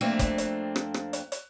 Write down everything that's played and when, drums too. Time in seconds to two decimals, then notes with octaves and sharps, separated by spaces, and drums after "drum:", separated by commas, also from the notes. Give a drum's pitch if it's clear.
0.01 F2 A3 A#3 C4 D4
0.19 drum: kick F#1, hi-hat
0.38 drum: hi-hat
0.76 drum: rim click
0.94 drum: rim click
1.13 drum: hi-hat
1.32 drum: hi-hat